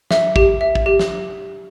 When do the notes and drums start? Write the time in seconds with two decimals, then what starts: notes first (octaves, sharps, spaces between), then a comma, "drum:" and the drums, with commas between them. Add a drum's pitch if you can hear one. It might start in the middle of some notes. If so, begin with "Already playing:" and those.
0.11 E5, drum: snare
0.36 G4, drum: kick
0.61 E5
0.75 drum: kick
0.86 G4
0.99 drum: snare